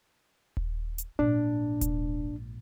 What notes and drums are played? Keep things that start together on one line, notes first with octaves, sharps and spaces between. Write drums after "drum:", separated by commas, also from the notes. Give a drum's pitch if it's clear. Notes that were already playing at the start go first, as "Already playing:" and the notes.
drum: kick D#1
drum: hi-hat
A#1 G#2 D4
drum: kick D#1, hi-hat